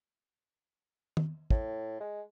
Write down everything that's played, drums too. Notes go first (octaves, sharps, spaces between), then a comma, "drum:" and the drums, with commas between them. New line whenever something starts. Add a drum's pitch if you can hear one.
drum: tom D#3
A2, drum: kick
G#3